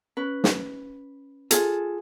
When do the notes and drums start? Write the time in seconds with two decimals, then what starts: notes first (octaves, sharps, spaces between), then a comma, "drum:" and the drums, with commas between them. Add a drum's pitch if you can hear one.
0.17 C#4 B4
0.44 drum: snare
1.51 F4 G#4 A4, drum: hi-hat